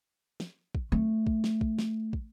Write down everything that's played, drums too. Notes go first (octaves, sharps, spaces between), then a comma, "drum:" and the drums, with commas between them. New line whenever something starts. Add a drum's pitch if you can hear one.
drum: snare
drum: kick
A3
drum: kick
drum: snare
drum: kick
drum: snare
drum: kick